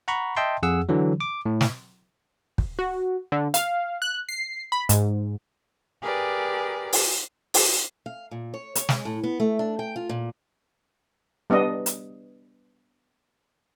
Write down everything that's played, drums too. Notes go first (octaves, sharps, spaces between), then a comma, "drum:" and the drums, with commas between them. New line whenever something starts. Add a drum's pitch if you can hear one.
F#5 A#5 B5 C#6
D#5 E5 G5 A5 C6
F2 G#4 F#5 E6
D3 E3 F#3
D6
A2
drum: snare
drum: kick
F#4
D3
F5, drum: hi-hat
F#6
C7
B5
G#2, drum: hi-hat
G4 G#4 A#4 B4 D5
drum: open hi-hat
drum: open hi-hat
F5
A#2
C#5
C#5, drum: hi-hat
G#3, drum: snare
A2
B3
A3
D4
G5
F4
A#2
G3 B3 D4 D#5
drum: hi-hat